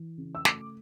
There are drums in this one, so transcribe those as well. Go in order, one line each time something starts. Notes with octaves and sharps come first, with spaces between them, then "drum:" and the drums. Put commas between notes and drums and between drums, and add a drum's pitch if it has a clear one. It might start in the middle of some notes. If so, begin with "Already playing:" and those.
Already playing: E3
C#3
E6
A3 D6, drum: snare